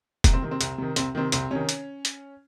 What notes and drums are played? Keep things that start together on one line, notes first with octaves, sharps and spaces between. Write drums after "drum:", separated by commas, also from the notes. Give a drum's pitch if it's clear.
C2, drum: kick F1, hi-hat
C4
C3 D#3
C4
C2, drum: hi-hat
C3 D#3
C2 C4, drum: hi-hat
C3 D#3 C4
C2 C4, drum: hi-hat
C3 D#3 C#4
drum: hi-hat
drum: hi-hat